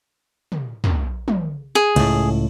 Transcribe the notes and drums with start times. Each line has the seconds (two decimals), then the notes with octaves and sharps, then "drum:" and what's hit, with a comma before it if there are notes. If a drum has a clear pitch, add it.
0.52 drum: tom
0.84 drum: tom
1.28 drum: tom
1.75 G#4
1.96 C#2 A2, drum: cymbal